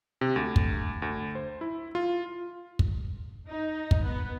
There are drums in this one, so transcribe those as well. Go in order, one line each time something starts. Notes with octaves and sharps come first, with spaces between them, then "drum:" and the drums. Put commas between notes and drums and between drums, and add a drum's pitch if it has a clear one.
C3
D2
drum: kick
D2
C5
E4
F4
drum: kick
D#4
drum: kick
B3